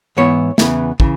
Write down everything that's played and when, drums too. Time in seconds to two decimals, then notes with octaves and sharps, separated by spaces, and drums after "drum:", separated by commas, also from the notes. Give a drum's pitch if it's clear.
0.17 G#2 E3 B3 E4 C#5
0.58 E2 C#3 E3 B3 E4, drum: snare
1.00 C#3 E3, drum: kick